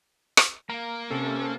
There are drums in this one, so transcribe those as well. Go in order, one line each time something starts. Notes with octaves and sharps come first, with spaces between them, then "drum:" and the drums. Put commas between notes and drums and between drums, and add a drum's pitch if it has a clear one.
drum: rim click
A#3 F5 A#5
C3 C#4 A4